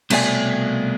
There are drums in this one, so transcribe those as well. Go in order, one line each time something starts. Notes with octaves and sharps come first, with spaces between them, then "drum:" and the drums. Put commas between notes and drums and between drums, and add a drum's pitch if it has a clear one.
C2 B2 A3 D5 G#5, drum: cymbal